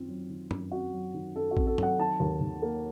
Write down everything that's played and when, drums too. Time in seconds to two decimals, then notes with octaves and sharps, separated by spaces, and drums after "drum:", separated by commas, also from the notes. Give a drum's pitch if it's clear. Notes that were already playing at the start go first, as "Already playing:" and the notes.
Already playing: F#2 D#3 C4 F4
0.08 F#3
0.30 D#3
0.51 F#2, drum: tom
0.71 C4 F#4
0.93 F#3
1.14 D#3
1.35 F#2 A4
1.51 F#4
1.57 C4, drum: kick A#1
1.67 A4
1.78 F#3 F#5, drum: tom
1.99 D#3 A5
2.20 D#2
2.41 D#2
2.62 A#3